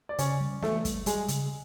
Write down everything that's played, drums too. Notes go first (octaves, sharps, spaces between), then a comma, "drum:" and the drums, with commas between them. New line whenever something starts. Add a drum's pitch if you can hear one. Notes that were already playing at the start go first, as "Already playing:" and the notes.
D5
C#3 C#4 C#5, drum: hi-hat
G3
E3 A3 A4, drum: snare
G3, drum: kick, hi-hat
G3 G#3 G#4, drum: hi-hat
C#3, drum: hi-hat